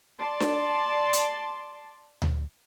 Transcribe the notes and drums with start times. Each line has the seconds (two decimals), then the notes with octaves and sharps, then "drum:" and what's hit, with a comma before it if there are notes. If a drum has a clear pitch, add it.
0.20 D5 A5 C6
0.40 drum: snare D4
1.13 drum: hi-hat
2.22 drum: tom D2